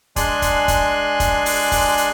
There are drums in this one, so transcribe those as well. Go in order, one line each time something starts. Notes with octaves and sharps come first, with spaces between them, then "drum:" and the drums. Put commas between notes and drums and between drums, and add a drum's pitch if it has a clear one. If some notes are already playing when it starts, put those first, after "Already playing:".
G#3 D4 D5 G#5 C6 F#6, drum: kick, hi-hat
drum: kick, hi-hat
drum: kick, hi-hat
drum: kick, hi-hat
drum: open hi-hat
drum: kick, open hi-hat
drum: hi-hat